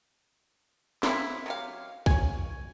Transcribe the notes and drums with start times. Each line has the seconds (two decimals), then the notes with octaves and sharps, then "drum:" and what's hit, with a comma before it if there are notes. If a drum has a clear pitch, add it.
1.03 D3 A#3 C4 E4, drum: snare
1.46 F#3 G4 F5
2.06 C#5 G#5, drum: kick